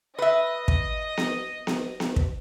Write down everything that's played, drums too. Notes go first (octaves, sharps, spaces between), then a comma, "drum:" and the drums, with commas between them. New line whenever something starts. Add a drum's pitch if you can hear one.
B4 D#5 E5
drum: kick
drum: snare B3
drum: snare B3
drum: snare B3
drum: kick